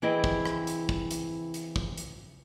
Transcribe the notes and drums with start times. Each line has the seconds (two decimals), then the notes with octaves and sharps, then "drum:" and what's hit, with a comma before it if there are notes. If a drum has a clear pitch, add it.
0.02 E3 C4 E4 G#4 D#5 G5
0.24 drum: kick
0.45 drum: rim click
0.67 drum: hi-hat
0.89 drum: kick
1.11 drum: hi-hat
1.54 drum: hi-hat
1.76 drum: kick
1.97 drum: hi-hat